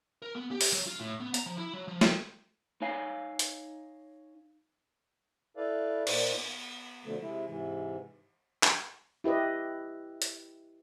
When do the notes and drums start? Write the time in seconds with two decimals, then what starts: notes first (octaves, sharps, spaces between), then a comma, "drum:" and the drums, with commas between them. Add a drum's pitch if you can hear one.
0.22 A#4
0.35 B3
0.51 G4
0.61 drum: open hi-hat
0.72 F#3
0.86 F4
1.00 A2
1.20 B3
1.34 A#5, drum: hi-hat
1.46 F3
1.58 E4
1.74 F#3
1.88 F3
2.01 drum: snare
2.82 D#4 C#5 F5 G#5
3.39 drum: hi-hat
5.57 E4 A4 B4 D5 F5
6.07 A#2 D#4 C5 D5 F#5, drum: cymbal
6.36 B3
7.05 B2 D3 F3 A3
7.21 C3 G#3 E4
7.48 G#2 C3 E3
8.63 drum: clap
9.24 E4 G4 B4 D#5
10.22 drum: hi-hat